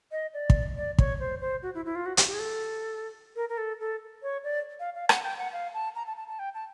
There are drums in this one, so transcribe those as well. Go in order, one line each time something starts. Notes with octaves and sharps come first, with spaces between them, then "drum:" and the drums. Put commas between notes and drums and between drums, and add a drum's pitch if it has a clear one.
D#5
D5
drum: kick
D5
C#5, drum: kick
C5
C5
F#4
E4
E4
F4
F#4
G4, drum: hi-hat
G4
G#4
A4
A#4
A#4
A4
A4
C#5
D5
F5
F5
F#5, drum: rim click
G5
F#5
F5
A5
A#5
A5
A5
A5
G5
A5